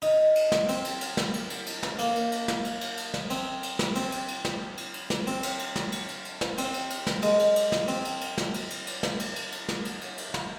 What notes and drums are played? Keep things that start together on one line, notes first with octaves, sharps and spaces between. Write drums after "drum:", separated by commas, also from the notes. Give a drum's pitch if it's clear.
D#4, drum: cymbal
drum: cymbal
drum: snare
C4, drum: cymbal
drum: cymbal
drum: cymbal
drum: snare
drum: cymbal
drum: cymbal
drum: cymbal
drum: snare
A#3, drum: cymbal
drum: cymbal
drum: cymbal
drum: snare
drum: cymbal
drum: cymbal
drum: cymbal
drum: snare
C4, drum: cymbal
drum: cymbal
drum: snare
C4, drum: cymbal
drum: cymbal
drum: cymbal
drum: snare
drum: cymbal
drum: cymbal
drum: snare
C4, drum: cymbal
drum: cymbal
drum: cymbal
drum: snare
drum: cymbal
drum: cymbal
drum: cymbal
drum: snare
C4, drum: cymbal
drum: cymbal
drum: cymbal
drum: snare
G#3, drum: cymbal
drum: cymbal
drum: cymbal
drum: snare
C4, drum: cymbal
drum: cymbal
drum: cymbal
drum: snare
drum: cymbal
drum: cymbal
drum: cymbal
drum: snare
drum: cymbal
drum: cymbal
drum: cymbal
drum: snare
drum: cymbal
drum: cymbal
drum: cymbal
drum: snare